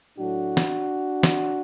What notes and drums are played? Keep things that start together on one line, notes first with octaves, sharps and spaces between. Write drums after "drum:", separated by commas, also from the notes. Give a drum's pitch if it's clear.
A2 F#3 A3 D4 F#4
drum: snare
drum: snare